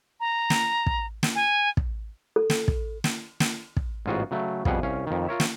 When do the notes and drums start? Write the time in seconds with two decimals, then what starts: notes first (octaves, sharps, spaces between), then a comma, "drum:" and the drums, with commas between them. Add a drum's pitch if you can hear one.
0.20 A#5
0.50 drum: snare
0.86 drum: kick
1.23 drum: snare
1.35 G#5
1.77 drum: kick
2.36 A4
2.50 drum: snare
2.68 drum: kick
3.04 drum: snare
3.40 drum: snare
3.77 drum: kick
4.06 A1 G#2 F4 F#4 G#4
4.31 C#3 F#3 A3
4.65 F2 B2 G3 G#4 F#5, drum: kick
4.82 C2 C#4 F5
5.07 F2 D#3
5.27 F4 A#4 C#5 E5
5.40 drum: snare